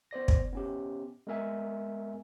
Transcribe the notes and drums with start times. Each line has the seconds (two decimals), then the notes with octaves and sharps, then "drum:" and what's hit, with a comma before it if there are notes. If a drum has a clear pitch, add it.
0.11 B3 C5 D5 A#6
0.28 drum: kick
0.53 B3 C#4 G4
1.27 G#3 B3 A#4 E5 G#5